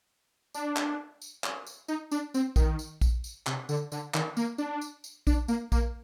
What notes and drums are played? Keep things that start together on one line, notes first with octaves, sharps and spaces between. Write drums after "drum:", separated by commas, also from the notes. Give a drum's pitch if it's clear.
D4, drum: tambourine
drum: clap
drum: tambourine
drum: clap
drum: tambourine
D#4, drum: tambourine
D4, drum: tambourine
C4, drum: tambourine
D#3, drum: kick, tambourine
drum: tambourine
drum: kick, tambourine
drum: tambourine
C3, drum: clap
D3, drum: tambourine
D3, drum: tambourine
D#3, drum: clap
A#3, drum: tambourine
D4, drum: tambourine
drum: tambourine
drum: tambourine
D4, drum: kick, tambourine
A#3, drum: tambourine
A#3, drum: kick, tambourine